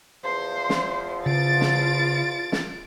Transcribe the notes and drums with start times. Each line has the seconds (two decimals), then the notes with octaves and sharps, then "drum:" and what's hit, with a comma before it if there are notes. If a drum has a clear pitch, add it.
0.24 E2 F3 C5 C6
0.69 drum: snare
1.26 C#3 F4 A6 D7
1.61 drum: snare
2.52 drum: snare